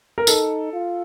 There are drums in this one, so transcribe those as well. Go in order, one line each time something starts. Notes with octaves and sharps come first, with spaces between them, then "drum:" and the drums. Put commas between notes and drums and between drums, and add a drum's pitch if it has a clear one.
A#4
D#4 A4, drum: tambourine
F4